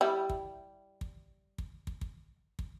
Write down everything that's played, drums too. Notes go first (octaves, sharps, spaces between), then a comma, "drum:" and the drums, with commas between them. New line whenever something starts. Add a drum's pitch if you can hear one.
G3 E4
drum: kick
drum: kick
drum: kick
drum: kick
drum: kick
drum: kick